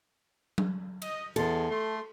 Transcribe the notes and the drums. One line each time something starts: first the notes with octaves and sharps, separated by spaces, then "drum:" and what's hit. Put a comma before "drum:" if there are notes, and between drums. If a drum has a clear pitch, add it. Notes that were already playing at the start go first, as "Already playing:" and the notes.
drum: tom F#3
D#5, drum: cymbal
E2 G#3 A4 C6, drum: cymbal
A3 C6